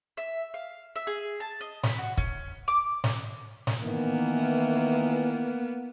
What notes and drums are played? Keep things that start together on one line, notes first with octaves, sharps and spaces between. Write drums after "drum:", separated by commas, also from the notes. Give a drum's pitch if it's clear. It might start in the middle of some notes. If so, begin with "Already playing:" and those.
E5
F5
E5
G#4
A5
D#5
B5, drum: snare
F#4
C#4, drum: kick
D6
drum: snare
drum: snare
D#3 E3 A#3 B3